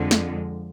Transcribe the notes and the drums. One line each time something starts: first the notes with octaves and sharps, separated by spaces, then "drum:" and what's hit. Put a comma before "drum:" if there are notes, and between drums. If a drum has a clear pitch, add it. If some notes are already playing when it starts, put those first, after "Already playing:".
Already playing: F2 D3 F3 G#3
drum: snare